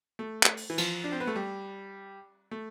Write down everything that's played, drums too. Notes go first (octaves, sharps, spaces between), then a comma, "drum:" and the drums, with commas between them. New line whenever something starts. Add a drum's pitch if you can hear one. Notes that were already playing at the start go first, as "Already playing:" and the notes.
A3
drum: clap
drum: open hi-hat
E3
F3, drum: cymbal
D4
C4
B3
A3
G3
A3